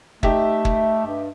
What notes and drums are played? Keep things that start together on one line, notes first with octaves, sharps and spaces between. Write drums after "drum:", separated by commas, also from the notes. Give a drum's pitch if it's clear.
A3 D#4 G4 E5, drum: kick
drum: kick
G2